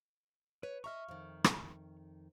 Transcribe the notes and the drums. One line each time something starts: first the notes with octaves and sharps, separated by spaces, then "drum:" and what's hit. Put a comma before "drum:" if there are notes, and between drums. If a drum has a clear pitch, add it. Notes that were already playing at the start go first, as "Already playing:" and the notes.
B4 C#5
D#5 E5 A#5 C#6 F6
F2 D#3
drum: rim click